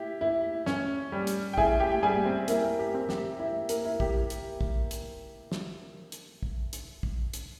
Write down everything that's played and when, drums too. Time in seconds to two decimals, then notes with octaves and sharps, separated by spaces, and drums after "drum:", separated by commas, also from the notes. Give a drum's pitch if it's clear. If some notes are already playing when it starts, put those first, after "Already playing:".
Already playing: E4 G4
0.21 E4
0.66 C#4, drum: snare
1.12 G3
1.27 drum: hi-hat
1.53 G5
1.58 E4 G#4 G#5, drum: kick
1.80 G4 G5
1.91 G5
2.03 G3 G#4 G#5
2.25 C4 C5
2.48 A#3 E4 A#4, drum: hi-hat
2.79 G4
2.94 C4
3.09 G4, drum: snare
3.39 E4
3.69 A#3 A#4, drum: hi-hat
3.85 E4
4.00 G4, drum: kick
4.30 drum: hi-hat
4.61 drum: kick
4.91 drum: hi-hat
5.52 drum: snare
6.12 drum: hi-hat
6.43 drum: kick
6.73 drum: hi-hat
7.03 drum: kick
7.33 drum: hi-hat